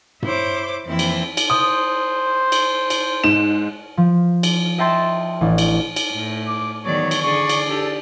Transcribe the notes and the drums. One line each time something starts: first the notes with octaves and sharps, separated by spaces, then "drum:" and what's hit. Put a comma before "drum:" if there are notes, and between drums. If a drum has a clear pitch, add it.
E4 C5 C#5 D6, drum: tom G2
F2 E3 A#3 C4 E4
drum: cymbal
drum: cymbal
C5 D#6
drum: cymbal
drum: cymbal
G#2 E7
F3
drum: cymbal
D#5 E5 G5 A5 C6 A6
A1 D4
drum: cymbal
drum: cymbal
A2
D6
E2 D#3 F#3 C#5 D5
drum: cymbal
D3 G#4 D5 C#6
drum: cymbal
D4 G4 A4